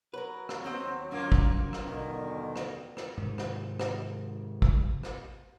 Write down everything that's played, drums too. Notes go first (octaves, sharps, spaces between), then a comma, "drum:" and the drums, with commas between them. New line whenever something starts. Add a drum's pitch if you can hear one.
F#3 A#4 B4
drum: rim click
D#2 B3 C4 D#5
F#2 A#3 F4
drum: kick
drum: rim click
B2 D3 D#3
drum: rim click
drum: rim click
G#2 C3 D#3
drum: rim click
drum: rim click
drum: kick
drum: rim click